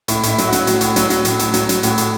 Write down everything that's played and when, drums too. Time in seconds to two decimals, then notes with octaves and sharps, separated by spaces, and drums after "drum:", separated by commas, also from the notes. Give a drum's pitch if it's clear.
0.08 A2 E4, drum: hi-hat
0.23 A2 E4, drum: hi-hat
0.38 F#3, drum: hi-hat
0.48 F#4
0.53 F#3, drum: hi-hat
0.67 A2, drum: hi-hat
0.81 A2, drum: hi-hat
0.96 F#3, drum: hi-hat
1.10 F#3, drum: hi-hat
1.25 A2, drum: hi-hat
1.39 A2, drum: hi-hat
1.54 F#3, drum: hi-hat
1.69 F#3, drum: hi-hat
1.83 A2 F#4, drum: hi-hat
1.98 A2, drum: hi-hat